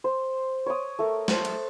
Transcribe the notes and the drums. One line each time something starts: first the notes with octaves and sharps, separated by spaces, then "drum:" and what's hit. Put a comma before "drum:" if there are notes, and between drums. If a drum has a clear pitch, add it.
C5
C#5 D6 D#6
A3 A#4
C5 A5, drum: snare
drum: cymbal